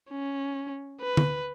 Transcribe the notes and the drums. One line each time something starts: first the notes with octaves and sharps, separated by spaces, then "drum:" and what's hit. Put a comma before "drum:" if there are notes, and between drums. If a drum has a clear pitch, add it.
C#4
B4
drum: tom